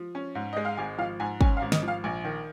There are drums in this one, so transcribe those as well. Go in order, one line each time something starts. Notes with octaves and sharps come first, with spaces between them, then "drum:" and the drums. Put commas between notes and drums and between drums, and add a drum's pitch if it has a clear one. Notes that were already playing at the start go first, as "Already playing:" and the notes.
Already playing: F3
C#4
G#2
G#3 D#5
F5
G#1 G#5
F3 F5
G#2 G#5
C#4 G#5, drum: kick
F5
G#1
D#5, drum: snare
F3 F5
A#1 G#5
D#3